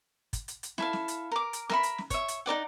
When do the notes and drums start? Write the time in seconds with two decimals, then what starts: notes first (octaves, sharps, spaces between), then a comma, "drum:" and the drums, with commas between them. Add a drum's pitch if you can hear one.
0.33 drum: kick, hi-hat
0.48 drum: hi-hat
0.63 drum: hi-hat
0.78 E4 A4 F5, drum: snare
0.93 drum: snare
1.08 drum: hi-hat
1.32 A#4 D6
1.53 drum: hi-hat
1.70 A#4 E5 B5, drum: snare
1.83 drum: hi-hat
1.98 drum: snare
2.10 C#5 E5, drum: kick, hi-hat
2.28 drum: hi-hat
2.46 D#4 A#4 D5 F#5